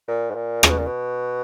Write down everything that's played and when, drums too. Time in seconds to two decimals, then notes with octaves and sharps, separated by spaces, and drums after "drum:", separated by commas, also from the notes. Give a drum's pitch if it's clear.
0.08 A#2
0.31 G#2
0.35 A#2
0.63 C#3, drum: rim click
0.70 B2
0.78 A#2
0.86 B2